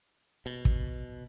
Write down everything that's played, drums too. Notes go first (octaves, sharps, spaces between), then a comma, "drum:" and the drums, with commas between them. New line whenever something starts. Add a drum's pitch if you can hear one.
B2
drum: kick